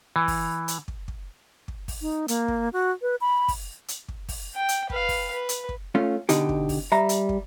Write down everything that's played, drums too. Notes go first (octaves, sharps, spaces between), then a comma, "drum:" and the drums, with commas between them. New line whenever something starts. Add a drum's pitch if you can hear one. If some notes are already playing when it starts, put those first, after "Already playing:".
E3
drum: kick, open hi-hat
drum: hi-hat
drum: kick
drum: kick
drum: kick
drum: kick, open hi-hat
D#4
A#3, drum: hi-hat
drum: kick
F#4
B4
B5
drum: kick, open hi-hat
drum: hi-hat
drum: kick
drum: kick, open hi-hat
G5
drum: hi-hat
B4 F5, drum: kick
drum: kick, open hi-hat
B4
drum: hi-hat
drum: kick
A3 C#4 F4
B2 D3 D#4 G4, drum: hi-hat
drum: kick
drum: kick, open hi-hat
G3 E5 A#5
drum: hi-hat
drum: kick